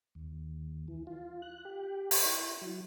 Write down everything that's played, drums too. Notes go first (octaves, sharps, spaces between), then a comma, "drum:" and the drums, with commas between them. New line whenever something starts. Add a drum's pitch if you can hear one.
D#2
E3
F4
F#6
G4
drum: open hi-hat
E4
F#3